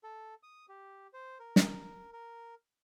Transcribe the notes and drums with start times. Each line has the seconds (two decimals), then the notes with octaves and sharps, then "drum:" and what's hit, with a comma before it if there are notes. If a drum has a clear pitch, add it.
0.03 A4
0.43 D#6
0.69 G4
1.13 C5
1.39 A#4
1.56 drum: snare
2.13 A#4